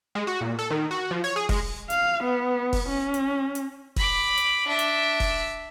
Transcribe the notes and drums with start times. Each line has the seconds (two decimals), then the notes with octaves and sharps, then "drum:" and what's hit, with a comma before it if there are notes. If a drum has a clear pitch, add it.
0.15 G#3
0.27 F#4
0.41 A#2
0.59 A4
0.70 D#3
0.91 F#4
1.11 F3
1.24 C#5
1.36 G#4
1.49 G#3, drum: kick, open hi-hat
1.90 F5, drum: hi-hat
2.24 B3
2.73 drum: kick, open hi-hat
2.89 C#4
3.14 drum: hi-hat
3.55 drum: hi-hat
3.96 B5 D6, drum: kick, open hi-hat
4.38 drum: hi-hat
4.67 D4 E5
4.79 drum: hi-hat
5.20 drum: kick, open hi-hat